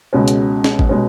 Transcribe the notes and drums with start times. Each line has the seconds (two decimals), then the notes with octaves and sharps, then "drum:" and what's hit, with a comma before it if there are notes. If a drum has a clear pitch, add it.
0.13 C#2 B2 G#3 C#4
0.28 drum: hi-hat
0.64 drum: snare
0.79 drum: kick
0.89 B2 G#3 C#4